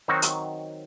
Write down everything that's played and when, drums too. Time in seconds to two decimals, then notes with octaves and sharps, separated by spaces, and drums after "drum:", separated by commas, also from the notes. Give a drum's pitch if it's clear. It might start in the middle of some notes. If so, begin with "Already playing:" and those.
0.08 D#3 F#3 C4 D#4 F#4
0.22 drum: hi-hat